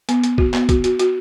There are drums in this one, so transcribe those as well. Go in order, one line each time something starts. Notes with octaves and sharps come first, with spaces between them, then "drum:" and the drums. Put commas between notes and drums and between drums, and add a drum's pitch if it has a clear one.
B3, drum: hi-hat
B3, drum: hi-hat
F#4, drum: kick
B3, drum: clap
F#4, drum: kick, hi-hat
F#4, drum: hi-hat
F#4, drum: hi-hat